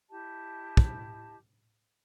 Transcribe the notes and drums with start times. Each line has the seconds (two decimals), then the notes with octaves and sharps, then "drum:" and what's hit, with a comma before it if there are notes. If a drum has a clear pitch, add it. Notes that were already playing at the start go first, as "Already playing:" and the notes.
0.09 E4 G4 D#5 A5
0.77 drum: kick